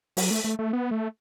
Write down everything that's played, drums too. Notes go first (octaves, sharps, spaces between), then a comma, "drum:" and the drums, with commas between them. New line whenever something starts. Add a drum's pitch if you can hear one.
F#3, drum: open hi-hat
A3
A3
A3
B3
A3